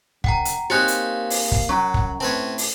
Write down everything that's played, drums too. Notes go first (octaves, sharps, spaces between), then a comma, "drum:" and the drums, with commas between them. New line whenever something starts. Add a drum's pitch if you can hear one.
F#2 F#5 G5 A#5, drum: kick
drum: hi-hat
A#3 C4 C#4 D#4 F#4 G4 F#6 G6
drum: hi-hat
drum: open hi-hat
drum: kick
F#2 F#3 C#4 A#5 C#6
drum: kick
A2 C4 B4 C#5 A5
drum: open hi-hat